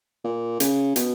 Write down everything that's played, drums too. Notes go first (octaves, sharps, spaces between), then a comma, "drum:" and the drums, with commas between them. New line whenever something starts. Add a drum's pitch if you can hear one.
A#2
C#3, drum: hi-hat
B2, drum: hi-hat